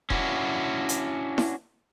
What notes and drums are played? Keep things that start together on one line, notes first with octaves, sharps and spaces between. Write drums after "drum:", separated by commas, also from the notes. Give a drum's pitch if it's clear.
C#4 D4 E4 F#4, drum: kick E1
drum: hi-hat
drum: snare E4